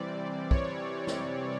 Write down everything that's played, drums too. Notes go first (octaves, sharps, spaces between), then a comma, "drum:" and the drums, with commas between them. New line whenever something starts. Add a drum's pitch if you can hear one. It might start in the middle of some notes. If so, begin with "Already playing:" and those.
Already playing: C3 E3 G3 C4 D5
C#5, drum: kick
drum: snare